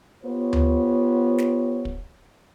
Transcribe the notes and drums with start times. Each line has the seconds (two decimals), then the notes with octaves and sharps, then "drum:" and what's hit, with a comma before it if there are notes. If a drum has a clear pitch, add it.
0.24 B3 F4 G4 C5 C#5
0.53 drum: tom D2
1.38 drum: snare
1.85 drum: kick